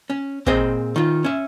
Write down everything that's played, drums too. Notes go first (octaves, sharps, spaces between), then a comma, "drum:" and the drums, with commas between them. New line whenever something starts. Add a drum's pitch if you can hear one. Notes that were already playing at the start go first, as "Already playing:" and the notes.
C#4
A#2 C4 G#4 C5 D#5, drum: kick
D#3 F4
C#4 E5